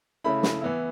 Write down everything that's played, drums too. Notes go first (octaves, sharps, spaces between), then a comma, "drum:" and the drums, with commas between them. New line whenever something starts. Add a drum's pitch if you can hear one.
C#3 A3 E4 B5
drum: snare
E3 B3 E4